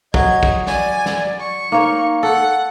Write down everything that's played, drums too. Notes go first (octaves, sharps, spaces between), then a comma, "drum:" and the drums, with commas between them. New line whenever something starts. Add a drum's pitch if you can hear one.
F#3 D#5 G#6, drum: kick
drum: kick
D5 G#5, drum: snare
drum: snare
C#6
A#3 D#4 C#5
A4 F#5